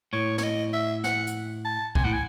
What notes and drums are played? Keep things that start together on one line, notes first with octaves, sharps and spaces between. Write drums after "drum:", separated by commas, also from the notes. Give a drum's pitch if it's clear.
A2 C#5
C#5, drum: snare
D#5
E5
F#5, drum: snare
drum: hi-hat
A5
C3 G#5, drum: kick
A2 F#5
G#5